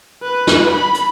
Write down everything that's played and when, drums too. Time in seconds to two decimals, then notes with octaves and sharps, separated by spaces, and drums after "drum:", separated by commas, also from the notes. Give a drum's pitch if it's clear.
0.24 B4
0.47 drum: snare
0.71 B5
0.94 drum: hi-hat